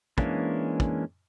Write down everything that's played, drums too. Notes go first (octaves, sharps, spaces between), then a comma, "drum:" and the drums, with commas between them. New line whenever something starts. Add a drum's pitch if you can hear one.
E3 G#3 A#3 C#4 D4, drum: kick
drum: kick